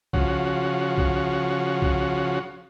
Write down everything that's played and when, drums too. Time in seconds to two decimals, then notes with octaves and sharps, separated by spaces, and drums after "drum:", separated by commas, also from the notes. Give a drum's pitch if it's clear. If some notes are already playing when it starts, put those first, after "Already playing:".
0.13 C#3 F3 F#4, drum: kick B1
0.98 drum: kick B1
1.82 drum: kick B1